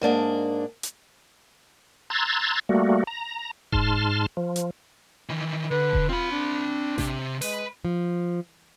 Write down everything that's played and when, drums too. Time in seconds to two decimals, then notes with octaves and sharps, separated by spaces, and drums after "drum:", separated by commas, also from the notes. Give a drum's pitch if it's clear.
0.01 G#2 A#3 D4 G#4
0.83 drum: hi-hat
2.10 A#5 C6 E6 F#6 G#6 A6
2.69 G3 A3 A#3 F#4
3.07 A#5
3.72 G#2 A5 C6 F6, drum: kick E1
4.37 F3
4.56 drum: hi-hat
5.29 D#3 E3
5.71 D3 B4
5.93 drum: kick E1
6.09 C4 F4 B5
6.31 D4
6.98 C3, drum: snare A1
7.42 G#3 B4, drum: open hi-hat
7.85 F3